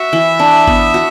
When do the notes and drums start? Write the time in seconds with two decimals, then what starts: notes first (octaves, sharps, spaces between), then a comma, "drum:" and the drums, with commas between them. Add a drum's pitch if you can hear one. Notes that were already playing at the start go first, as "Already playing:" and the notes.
Already playing: F#4 E5
0.13 E3
0.39 D4
0.68 B3, drum: kick G#1
0.94 F#4